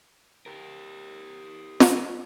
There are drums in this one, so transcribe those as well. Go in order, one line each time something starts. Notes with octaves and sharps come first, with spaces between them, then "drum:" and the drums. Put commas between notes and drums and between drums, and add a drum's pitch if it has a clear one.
G4 A#4
drum: snare